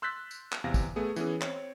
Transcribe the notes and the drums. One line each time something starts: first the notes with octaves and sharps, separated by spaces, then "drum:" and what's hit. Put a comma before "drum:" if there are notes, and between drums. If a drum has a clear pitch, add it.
C6 E6 F#6 G6 A6 B6
drum: tambourine
drum: clap
E2 C3 F5 A#6
drum: kick, tambourine
A3 B3 G#4
E3 B3 C#4 G#4, drum: tambourine
C4 C#5, drum: clap